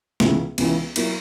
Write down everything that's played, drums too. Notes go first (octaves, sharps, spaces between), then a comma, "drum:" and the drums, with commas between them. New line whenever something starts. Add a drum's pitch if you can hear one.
C#2 C#3 E3 B3 E4, drum: snare
C#2 C#3 E3 B3 E4, drum: cymbal
F#3 A#3 E4, drum: cymbal